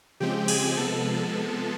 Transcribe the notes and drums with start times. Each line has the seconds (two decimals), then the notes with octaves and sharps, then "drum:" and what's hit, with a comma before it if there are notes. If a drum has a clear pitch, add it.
0.20 C#3 F3 G#3 C4 G4 G5
0.48 G#4 G#5, drum: cymbal
0.77 C3 F3 G#3 B3 A4 A5